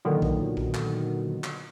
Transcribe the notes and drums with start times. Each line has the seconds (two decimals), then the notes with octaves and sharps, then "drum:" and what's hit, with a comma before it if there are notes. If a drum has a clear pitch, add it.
0.05 A#2 D3 D#3 F#3 B3
0.22 drum: kick A#1
0.57 drum: kick A#1
0.74 drum: clap
1.44 drum: clap